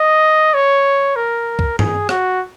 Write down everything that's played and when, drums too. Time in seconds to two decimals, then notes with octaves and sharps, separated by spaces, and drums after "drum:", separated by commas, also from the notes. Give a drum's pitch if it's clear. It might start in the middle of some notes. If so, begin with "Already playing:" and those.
Already playing: D#5
0.54 C#5
1.16 A#4
1.59 drum: kick
1.79 G#4, drum: tom G2
2.09 F#4, drum: rim click